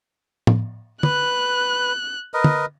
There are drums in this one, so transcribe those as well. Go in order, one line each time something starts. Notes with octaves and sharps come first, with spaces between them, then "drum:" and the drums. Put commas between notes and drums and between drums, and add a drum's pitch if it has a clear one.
drum: tom A2
B4 F#6, drum: tom
A#4 B4 D#5
drum: tom